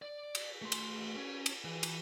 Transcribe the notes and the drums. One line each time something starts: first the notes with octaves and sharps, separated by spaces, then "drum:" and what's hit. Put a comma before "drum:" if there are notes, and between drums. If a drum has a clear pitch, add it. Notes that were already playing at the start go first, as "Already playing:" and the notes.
D5
drum: cymbal
A3 C6
drum: cymbal
C#4
drum: cymbal
E3
drum: cymbal